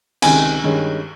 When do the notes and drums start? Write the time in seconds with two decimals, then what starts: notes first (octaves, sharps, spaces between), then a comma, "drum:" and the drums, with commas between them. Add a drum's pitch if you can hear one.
0.22 C#2 C3 D#3 G#5, drum: cymbal
0.64 G2 D#3 G#3 C#4